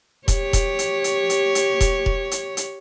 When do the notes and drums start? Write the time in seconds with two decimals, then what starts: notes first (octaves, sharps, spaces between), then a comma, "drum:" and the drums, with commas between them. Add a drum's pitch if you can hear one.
0.28 G4 C#5, drum: kick E1, hi-hat
0.53 drum: kick E1, hi-hat
0.79 drum: hi-hat
1.04 drum: hi-hat
1.30 drum: hi-hat
1.55 drum: hi-hat
1.81 drum: kick E1, hi-hat
2.06 drum: kick E1
2.31 drum: hi-hat
2.57 drum: hi-hat